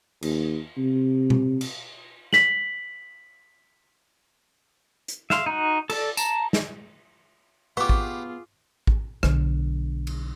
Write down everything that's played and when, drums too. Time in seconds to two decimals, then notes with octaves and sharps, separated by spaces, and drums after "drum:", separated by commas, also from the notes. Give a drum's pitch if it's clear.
0.22 D#2, drum: cymbal
0.78 C3
1.30 drum: tom B2
1.61 drum: cymbal
2.33 B6 F#7, drum: snare
5.08 drum: hi-hat
5.30 E5 F5 C6, drum: snare
5.46 D#4 F#4
5.90 A4 D5, drum: cymbal
6.17 A5 A#5, drum: tambourine
6.53 drum: snare
7.77 B3 F4 G4 G#4 F#5 C#6 D6
7.89 drum: kick A1
8.87 drum: kick A1
9.23 B1 D3, drum: rim click
10.07 drum: cymbal